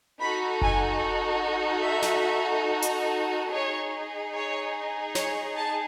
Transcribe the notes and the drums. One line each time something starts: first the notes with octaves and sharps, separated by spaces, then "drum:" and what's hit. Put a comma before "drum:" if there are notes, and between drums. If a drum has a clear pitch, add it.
D#4 F#4 A4 B5
G#5, drum: kick F#1
E5
drum: snare
drum: hi-hat
D#4 G#4 C#5
C#5
C#5, drum: snare
A5